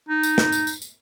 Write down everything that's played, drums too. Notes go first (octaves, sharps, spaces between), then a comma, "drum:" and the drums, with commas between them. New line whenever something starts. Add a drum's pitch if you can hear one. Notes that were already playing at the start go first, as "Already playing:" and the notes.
D#4
drum: tambourine
drum: snare
drum: tambourine
drum: tambourine
drum: tambourine